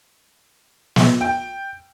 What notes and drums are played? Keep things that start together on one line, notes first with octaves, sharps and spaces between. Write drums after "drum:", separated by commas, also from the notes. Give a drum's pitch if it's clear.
drum: snare
G5